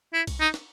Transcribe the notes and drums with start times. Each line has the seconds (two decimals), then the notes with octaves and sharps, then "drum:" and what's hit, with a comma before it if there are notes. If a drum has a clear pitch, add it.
0.14 E4
0.27 drum: kick B1, cymbal
0.40 D#4
0.54 drum: snare